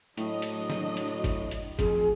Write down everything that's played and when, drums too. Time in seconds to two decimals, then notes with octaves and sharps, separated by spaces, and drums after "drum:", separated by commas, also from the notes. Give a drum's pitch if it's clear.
0.17 A2 F#3 D4 D#5, drum: hi-hat
0.42 drum: hi-hat
0.70 drum: snare
0.97 drum: hi-hat
1.24 drum: kick G1, hi-hat
1.51 drum: hi-hat
1.79 F2 G#4, drum: kick G1, hi-hat